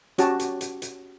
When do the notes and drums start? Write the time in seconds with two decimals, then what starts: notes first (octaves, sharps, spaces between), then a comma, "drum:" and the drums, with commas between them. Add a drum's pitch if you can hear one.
0.18 C#4 F#4 G4 A5, drum: hi-hat
0.39 drum: hi-hat
0.61 drum: hi-hat
0.82 drum: hi-hat